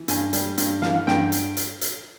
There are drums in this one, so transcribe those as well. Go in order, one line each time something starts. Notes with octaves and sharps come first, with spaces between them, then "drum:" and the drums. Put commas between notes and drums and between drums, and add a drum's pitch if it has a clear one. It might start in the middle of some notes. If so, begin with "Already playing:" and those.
Already playing: E3
G2 G#5, drum: hi-hat
G3, drum: hi-hat
G2, drum: hi-hat
E3 F5, drum: snare
F#5
G2 G5, drum: snare
drum: hi-hat
drum: hi-hat
drum: hi-hat